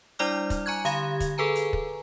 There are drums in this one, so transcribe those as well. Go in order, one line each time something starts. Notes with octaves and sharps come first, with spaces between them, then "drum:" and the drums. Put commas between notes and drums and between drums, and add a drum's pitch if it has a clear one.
G3 D4 E4 D5 D6 F6
drum: kick, hi-hat
G#5 A#5 C#6 F#6 G#6
D3 G4 F5 B5 G#6, drum: hi-hat
drum: kick, hi-hat
G#4 A4 B4 G#5 A#5
drum: hi-hat
drum: kick